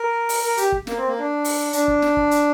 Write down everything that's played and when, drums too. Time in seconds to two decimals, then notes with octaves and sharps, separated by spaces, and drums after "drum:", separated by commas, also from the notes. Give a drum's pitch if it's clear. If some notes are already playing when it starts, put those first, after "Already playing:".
Already playing: A#4
0.29 drum: open hi-hat
0.43 A#4
0.57 G4, drum: hi-hat
0.72 drum: kick
0.87 A#3, drum: snare
0.97 C4
1.08 A#3
1.19 D4
1.44 drum: open hi-hat
1.73 D4, drum: hi-hat
1.88 drum: kick
2.02 drum: snare
2.17 drum: kick
2.31 drum: hi-hat